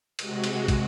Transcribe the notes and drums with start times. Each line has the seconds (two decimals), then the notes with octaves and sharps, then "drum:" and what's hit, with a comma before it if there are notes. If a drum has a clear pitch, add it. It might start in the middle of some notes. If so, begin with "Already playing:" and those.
0.19 C3 G#3 F#4, drum: cymbal
0.44 drum: cymbal
0.68 drum: kick, cymbal